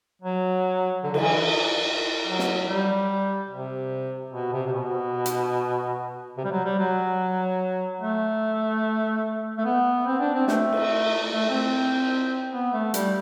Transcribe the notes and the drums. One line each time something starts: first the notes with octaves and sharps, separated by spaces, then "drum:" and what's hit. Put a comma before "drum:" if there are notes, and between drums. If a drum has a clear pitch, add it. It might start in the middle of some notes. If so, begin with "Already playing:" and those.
F#3
D3
D3, drum: cymbal
E3
F#3
drum: snare
G3
C3
B2
C3
C3
B2
drum: hi-hat
C3
G3
F#3
G3
F#3
A3
A3
B3
C4
D4
C4
A3, drum: snare
drum: cymbal
A3
C4
B3
A3
G3, drum: hi-hat